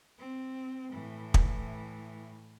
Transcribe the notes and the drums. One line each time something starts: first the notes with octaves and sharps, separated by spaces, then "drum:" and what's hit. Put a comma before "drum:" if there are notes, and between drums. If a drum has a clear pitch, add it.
C4
A2 E3
drum: kick